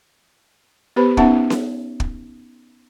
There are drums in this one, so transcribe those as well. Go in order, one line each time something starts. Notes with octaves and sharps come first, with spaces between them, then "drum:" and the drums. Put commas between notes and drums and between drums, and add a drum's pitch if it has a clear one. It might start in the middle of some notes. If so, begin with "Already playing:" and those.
B3 G4 B4 C5 B5
B3 C#4 D#4 E5 F#5 A5, drum: kick
drum: snare C#4
drum: kick